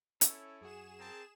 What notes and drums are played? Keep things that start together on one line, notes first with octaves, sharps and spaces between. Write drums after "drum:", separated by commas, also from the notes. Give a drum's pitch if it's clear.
C#4 E4 A4 C#5, drum: hi-hat
F#2 F#4 G#4 E7
C4 A#4 A5